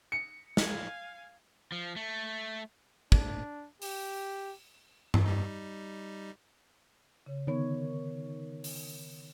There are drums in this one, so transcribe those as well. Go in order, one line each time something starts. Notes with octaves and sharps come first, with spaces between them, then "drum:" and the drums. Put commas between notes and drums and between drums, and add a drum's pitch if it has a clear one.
C#7
F5 G#5, drum: snare
F3
A3
D4, drum: kick
G4, drum: open hi-hat
drum: tom G2
G3 D#4
C#3 C#5
D3 D#3 B3 C#5
drum: open hi-hat